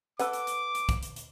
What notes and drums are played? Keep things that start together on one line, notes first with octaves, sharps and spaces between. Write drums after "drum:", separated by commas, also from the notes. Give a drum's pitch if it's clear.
A4 B4 F#5 D6, drum: hi-hat
drum: hi-hat
drum: hi-hat
drum: hi-hat
drum: kick, hi-hat
drum: hi-hat
drum: hi-hat